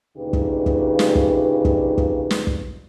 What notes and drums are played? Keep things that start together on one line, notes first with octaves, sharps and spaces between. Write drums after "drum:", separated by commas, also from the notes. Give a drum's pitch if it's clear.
D2 A#2 C#3 D#4 G4 B4
drum: kick
drum: kick
drum: snare
drum: kick
drum: kick
drum: kick
drum: snare
drum: kick